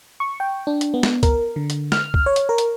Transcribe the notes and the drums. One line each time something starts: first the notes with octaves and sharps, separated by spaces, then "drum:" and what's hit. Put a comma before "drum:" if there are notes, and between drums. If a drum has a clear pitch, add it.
C#6
G5
D4
drum: hi-hat
B3
drum: snare
A#4, drum: kick, hi-hat
D3
drum: hi-hat
F6, drum: snare
drum: kick
C#5
drum: hi-hat
A#4
drum: hi-hat